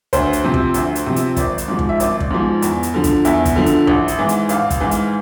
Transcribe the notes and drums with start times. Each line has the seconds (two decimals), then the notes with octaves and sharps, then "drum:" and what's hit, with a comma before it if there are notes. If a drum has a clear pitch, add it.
0.13 D2 C5, drum: kick, hi-hat
0.33 drum: hi-hat
0.44 C3 F3
0.54 drum: kick
0.74 D2, drum: hi-hat
0.95 drum: hi-hat
1.06 C3 F3
1.16 drum: hi-hat
1.36 G#1 D5, drum: kick, hi-hat
1.58 drum: hi-hat
1.68 G#2 F3
1.79 drum: kick
1.89 E5
2.00 G#1 D5, drum: hi-hat
2.20 drum: kick
2.31 G#2 F3
2.62 E2, drum: hi-hat
2.83 drum: hi-hat
2.94 D3 F3
3.04 drum: kick, hi-hat
3.25 E2 E5, drum: hi-hat
3.45 drum: kick, hi-hat
3.56 D3 F3
3.66 drum: hi-hat
3.87 A1, drum: kick
4.08 drum: hi-hat
4.19 G#2 E3
4.29 drum: hi-hat
4.49 A1 F5, drum: hi-hat
4.70 drum: kick, hi-hat
4.81 G#2 E3
4.91 drum: hi-hat